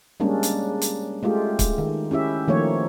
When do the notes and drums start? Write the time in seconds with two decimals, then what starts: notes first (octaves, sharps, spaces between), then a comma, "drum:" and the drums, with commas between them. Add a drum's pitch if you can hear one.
0.20 G3 G#3 A#3 C#4 D4
0.43 drum: hi-hat
0.82 drum: hi-hat
1.23 G#3 A3 F4 G4
1.59 drum: kick C#1, hi-hat
1.78 D#3
2.11 C#4 E4 G4 E5
2.48 D#3 F3 A3 A#3 C#5